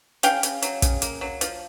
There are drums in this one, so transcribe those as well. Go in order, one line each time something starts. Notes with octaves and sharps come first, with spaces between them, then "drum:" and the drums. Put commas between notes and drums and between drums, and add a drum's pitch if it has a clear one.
C#3 F5 G5, drum: hi-hat
C#3, drum: hi-hat
F#3, drum: hi-hat
C#3, drum: kick, hi-hat
A#3, drum: hi-hat
F#3
F3, drum: hi-hat